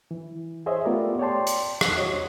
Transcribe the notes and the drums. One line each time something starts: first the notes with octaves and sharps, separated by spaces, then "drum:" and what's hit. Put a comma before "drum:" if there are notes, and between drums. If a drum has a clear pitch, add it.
E3
G#4 C5 C#5 D#5 E5
A3 B3 F4 G4 A#4 D5
C#5 D5 G5 A5 C6
drum: hi-hat
F#6, drum: rim click
F#4 C#5 D#5